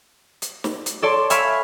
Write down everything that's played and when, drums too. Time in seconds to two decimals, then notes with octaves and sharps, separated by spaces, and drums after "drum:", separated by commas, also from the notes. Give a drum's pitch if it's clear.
0.42 drum: hi-hat
0.64 drum: snare
0.86 drum: hi-hat
1.02 A4 C#5 D5 A5 C6
1.30 E5 F5 G#5 B5 C#6 E6, drum: hi-hat